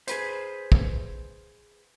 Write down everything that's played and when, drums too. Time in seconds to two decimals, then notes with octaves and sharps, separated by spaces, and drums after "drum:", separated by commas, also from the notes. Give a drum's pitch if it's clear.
0.07 G#4 B4 C5, drum: hi-hat
0.72 drum: kick